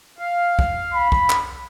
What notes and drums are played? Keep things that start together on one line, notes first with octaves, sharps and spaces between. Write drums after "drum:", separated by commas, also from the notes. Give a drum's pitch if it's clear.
F5
drum: kick
B5
drum: kick
drum: clap